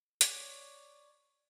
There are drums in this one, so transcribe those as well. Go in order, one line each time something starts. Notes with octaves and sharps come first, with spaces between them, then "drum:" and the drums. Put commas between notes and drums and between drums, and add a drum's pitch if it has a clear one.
C#5 D5, drum: hi-hat